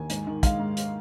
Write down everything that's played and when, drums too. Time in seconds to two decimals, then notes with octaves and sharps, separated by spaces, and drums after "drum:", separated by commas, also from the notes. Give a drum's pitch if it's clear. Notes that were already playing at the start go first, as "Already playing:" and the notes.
Already playing: D#2 G#5
0.10 G#2, drum: hi-hat
0.27 D#3
0.43 G#3 F5, drum: kick, hi-hat
0.59 G#2
0.77 drum: hi-hat